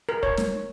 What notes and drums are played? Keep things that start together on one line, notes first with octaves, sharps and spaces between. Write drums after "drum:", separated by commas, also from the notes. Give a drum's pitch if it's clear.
A#4
C#5, drum: kick
drum: snare